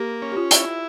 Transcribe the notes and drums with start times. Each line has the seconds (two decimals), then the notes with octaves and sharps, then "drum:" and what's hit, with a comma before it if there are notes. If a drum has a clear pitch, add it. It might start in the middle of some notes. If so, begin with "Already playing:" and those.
Already playing: A#3 G4
0.22 C#4
0.32 G4
0.37 F4
0.51 E4, drum: hi-hat